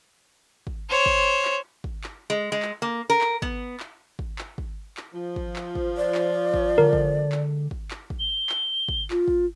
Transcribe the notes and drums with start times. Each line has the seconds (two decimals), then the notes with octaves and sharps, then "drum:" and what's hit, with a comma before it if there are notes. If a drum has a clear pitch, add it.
0.67 drum: kick
0.90 C5 C#5
1.06 drum: kick
1.45 drum: clap
1.84 drum: kick
2.04 drum: clap
2.30 G#3
2.52 G#3
2.62 drum: clap
2.82 A#3
3.10 A#4
3.21 drum: clap
3.42 B3, drum: kick
3.80 drum: clap
4.19 drum: kick
4.38 drum: clap
4.58 drum: kick
4.97 drum: clap
5.14 F3
5.36 drum: kick
5.56 drum: clap
5.75 drum: kick
5.97 D5
6.15 drum: clap
6.54 drum: kick
6.78 D3 G#3 A#4
6.93 drum: kick
7.32 drum: clap
7.71 drum: kick
7.91 drum: clap
8.10 drum: kick
8.20 G7
8.49 drum: clap
8.89 drum: kick
9.10 F4, drum: clap
9.28 drum: kick